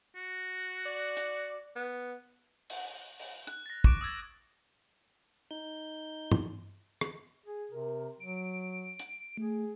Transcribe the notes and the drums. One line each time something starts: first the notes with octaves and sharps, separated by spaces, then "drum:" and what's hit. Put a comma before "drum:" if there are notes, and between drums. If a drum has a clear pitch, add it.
F#4
D5
drum: hi-hat
B3
drum: open hi-hat
drum: open hi-hat
F#6, drum: hi-hat
A6 A#6
C#6 D6 D7, drum: kick
D#6 E6 G#6 A6
D#4 G6
drum: tom
drum: rim click
G#4
C3 A#4
F#3 D7
drum: hi-hat
A3 G#4